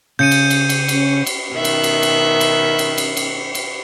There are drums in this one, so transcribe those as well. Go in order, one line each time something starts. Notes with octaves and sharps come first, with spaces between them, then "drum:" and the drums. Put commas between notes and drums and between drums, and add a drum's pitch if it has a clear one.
C#3 G6 C#7 D#7
drum: cymbal
drum: cymbal
drum: cymbal
C#4, drum: cymbal
drum: cymbal
B2 D#3 E5 F#6
drum: cymbal
drum: cymbal
drum: cymbal
drum: cymbal
drum: cymbal
drum: cymbal
drum: cymbal
drum: cymbal